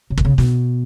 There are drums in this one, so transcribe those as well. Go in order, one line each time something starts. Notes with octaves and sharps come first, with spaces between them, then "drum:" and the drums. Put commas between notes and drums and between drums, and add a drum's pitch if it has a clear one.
C#3
D#3, drum: kick
C#3
B2, drum: snare